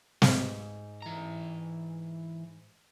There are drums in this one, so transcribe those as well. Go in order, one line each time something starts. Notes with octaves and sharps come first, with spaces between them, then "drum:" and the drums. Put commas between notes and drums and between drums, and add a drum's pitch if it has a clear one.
G#2, drum: snare
E3 A#5